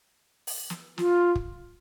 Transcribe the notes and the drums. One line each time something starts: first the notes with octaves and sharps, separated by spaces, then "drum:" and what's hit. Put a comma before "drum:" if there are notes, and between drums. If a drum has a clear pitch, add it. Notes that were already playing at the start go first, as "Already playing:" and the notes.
drum: open hi-hat
drum: snare
F4, drum: snare
drum: kick